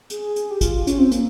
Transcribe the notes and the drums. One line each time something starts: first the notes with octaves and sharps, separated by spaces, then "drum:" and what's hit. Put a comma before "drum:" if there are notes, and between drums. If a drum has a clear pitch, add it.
G#4, drum: hi-hat
G#4, drum: hi-hat
G4
F4, drum: kick A1, hi-hat
F4
C#4, drum: hi-hat
C4
A#3, drum: hi-hat